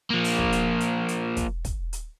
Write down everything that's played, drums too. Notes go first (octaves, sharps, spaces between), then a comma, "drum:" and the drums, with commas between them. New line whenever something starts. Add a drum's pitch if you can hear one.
F3 A#3
drum: open hi-hat
drum: kick
drum: hi-hat
drum: hi-hat
drum: hi-hat
drum: kick, hi-hat
drum: kick, hi-hat
drum: hi-hat